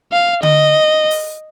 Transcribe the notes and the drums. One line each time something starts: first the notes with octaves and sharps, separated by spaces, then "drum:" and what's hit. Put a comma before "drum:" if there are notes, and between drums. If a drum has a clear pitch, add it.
F5
D#5, drum: tom D3
drum: open hi-hat